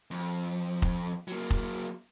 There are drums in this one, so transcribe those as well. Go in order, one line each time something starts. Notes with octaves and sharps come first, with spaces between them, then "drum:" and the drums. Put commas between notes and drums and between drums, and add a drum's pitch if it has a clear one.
F2
drum: kick F1
F#3 A#3
drum: kick F1